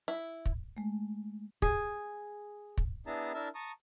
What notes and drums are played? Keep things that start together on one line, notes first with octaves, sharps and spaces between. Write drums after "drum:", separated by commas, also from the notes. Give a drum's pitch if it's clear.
E4
drum: kick
G#3 A3
G#4, drum: kick
drum: kick
B3 D4 E4 G#4 A5 A#5
D4 E4 A#4 E5 A5
A5 A#5 C#6 D#6